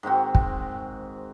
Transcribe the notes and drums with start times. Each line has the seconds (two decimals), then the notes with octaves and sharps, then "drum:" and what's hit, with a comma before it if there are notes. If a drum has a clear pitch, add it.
0.03 G#2 D#3 C4 F#4
0.35 drum: kick